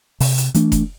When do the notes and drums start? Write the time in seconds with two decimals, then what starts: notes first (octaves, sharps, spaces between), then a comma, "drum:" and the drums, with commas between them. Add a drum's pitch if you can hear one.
0.20 C3, drum: open hi-hat
0.38 drum: hi-hat
0.54 E3 A3 D4, drum: hi-hat
0.72 drum: kick F1, hi-hat